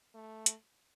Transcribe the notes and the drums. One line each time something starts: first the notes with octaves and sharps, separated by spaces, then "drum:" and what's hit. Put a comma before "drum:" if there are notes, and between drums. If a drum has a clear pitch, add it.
A3
drum: hi-hat